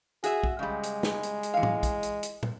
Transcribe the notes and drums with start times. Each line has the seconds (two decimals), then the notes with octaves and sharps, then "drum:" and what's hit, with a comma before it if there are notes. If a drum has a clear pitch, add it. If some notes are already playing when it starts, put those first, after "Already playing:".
0.24 F#4 G#4 E5, drum: hi-hat
0.43 drum: kick B1
0.59 C#3 G3 G#3
0.83 drum: hi-hat
1.03 drum: snare
1.23 drum: hi-hat
1.43 drum: hi-hat
1.54 E3 F5
1.63 drum: tom
1.83 drum: kick B1, hi-hat
2.03 drum: hi-hat
2.23 drum: hi-hat
2.43 drum: tom